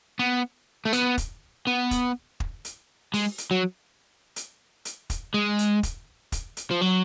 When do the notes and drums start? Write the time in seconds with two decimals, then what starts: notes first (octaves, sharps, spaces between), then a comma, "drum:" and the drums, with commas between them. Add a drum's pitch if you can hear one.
0.19 B3
0.85 A3
0.93 B3, drum: hi-hat
1.18 drum: kick, hi-hat
1.67 B3
1.91 drum: kick, hi-hat
2.40 drum: kick
2.65 drum: hi-hat
3.14 G#3, drum: open hi-hat
3.38 drum: hi-hat
3.51 F#3
4.36 drum: hi-hat
4.85 drum: hi-hat
5.10 drum: kick, hi-hat
5.34 G#3
5.59 drum: hi-hat
5.83 drum: kick, hi-hat
6.32 drum: kick, hi-hat
6.57 drum: hi-hat
6.71 F3
6.81 F#3